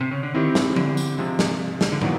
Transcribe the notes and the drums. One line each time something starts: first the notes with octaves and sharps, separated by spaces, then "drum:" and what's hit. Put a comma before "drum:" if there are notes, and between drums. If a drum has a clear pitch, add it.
C3
C#3
D3
D#3 C4 E4 G4
drum: snare
D3, drum: tom F3
drum: tambourine
C3 F3 G#3
drum: snare
drum: snare
D3
A#2 D#3 F#3 B3 E4, drum: tom